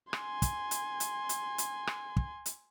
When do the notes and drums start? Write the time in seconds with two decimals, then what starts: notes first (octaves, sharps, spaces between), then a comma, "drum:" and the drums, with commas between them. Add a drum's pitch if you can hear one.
0.13 G#5 C6, drum: rim click
0.42 drum: kick, hi-hat
0.71 drum: hi-hat
1.00 drum: hi-hat
1.29 drum: hi-hat
1.58 drum: hi-hat
1.87 drum: rim click
2.16 drum: kick
2.46 drum: hi-hat